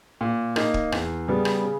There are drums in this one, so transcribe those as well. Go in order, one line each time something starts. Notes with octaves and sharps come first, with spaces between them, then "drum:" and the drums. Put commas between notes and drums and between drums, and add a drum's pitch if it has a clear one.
A#2
A#3 D#4, drum: rim click
drum: kick
E2, drum: rim click
C#3 G3 B3
drum: rim click
C#3